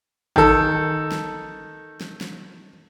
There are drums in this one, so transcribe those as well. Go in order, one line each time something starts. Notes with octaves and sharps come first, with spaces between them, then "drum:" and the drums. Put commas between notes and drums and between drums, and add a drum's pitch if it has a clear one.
D#3 A4, drum: kick G#1
drum: snare
drum: snare
drum: snare